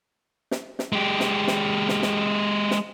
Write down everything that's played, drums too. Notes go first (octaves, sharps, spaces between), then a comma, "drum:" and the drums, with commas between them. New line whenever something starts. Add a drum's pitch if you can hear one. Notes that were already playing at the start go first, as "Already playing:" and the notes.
drum: snare
drum: snare
G#3 G4
drum: snare
drum: snare
drum: snare
drum: snare
drum: snare